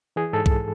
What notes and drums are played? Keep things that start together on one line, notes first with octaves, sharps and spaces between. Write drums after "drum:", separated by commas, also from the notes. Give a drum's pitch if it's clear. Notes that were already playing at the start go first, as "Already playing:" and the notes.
E3 G#4
G#2 A4
drum: kick B1